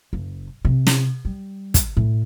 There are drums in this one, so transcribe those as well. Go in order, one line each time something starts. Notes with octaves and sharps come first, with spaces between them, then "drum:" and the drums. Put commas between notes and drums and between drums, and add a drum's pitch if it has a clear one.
F#1
C3
drum: snare
G3
drum: kick, hi-hat
A2